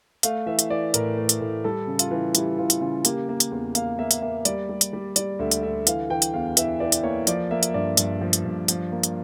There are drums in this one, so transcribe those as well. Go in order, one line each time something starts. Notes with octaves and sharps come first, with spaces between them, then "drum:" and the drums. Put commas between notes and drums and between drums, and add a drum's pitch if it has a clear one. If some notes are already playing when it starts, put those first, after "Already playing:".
A3 F5, drum: hi-hat
E3 E5
drum: hi-hat
E3 D5
A2 A#4, drum: hi-hat
A3
drum: hi-hat
A2
G3 A4
C#3
F4, drum: hi-hat
E3
G3 E4, drum: hi-hat
E3 F4
drum: hi-hat
C#3 F4
A#3 G4, drum: hi-hat
A#3
drum: hi-hat
E2
A#3 F5, drum: hi-hat
A#3 E5
drum: hi-hat
A#3 E5
G3 D5, drum: hi-hat
G3
drum: hi-hat
G3
G3 D5, drum: hi-hat
D2 E5
drum: hi-hat
D3 E5
E3 F5, drum: hi-hat
E3 G5
drum: hi-hat
E2 F5
E3 E5, drum: hi-hat
E3 D5
drum: hi-hat
A#3 C#5
F3 D5, drum: hi-hat
A#3 E5
drum: hi-hat
G2 D5
G2, drum: hi-hat
F3
drum: hi-hat
G2
F3, drum: hi-hat
A#3
drum: hi-hat